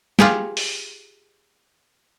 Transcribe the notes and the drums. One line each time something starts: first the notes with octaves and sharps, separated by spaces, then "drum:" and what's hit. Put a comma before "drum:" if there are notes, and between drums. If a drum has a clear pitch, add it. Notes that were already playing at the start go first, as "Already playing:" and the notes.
F4 G4 G#4 G5, drum: snare
drum: open hi-hat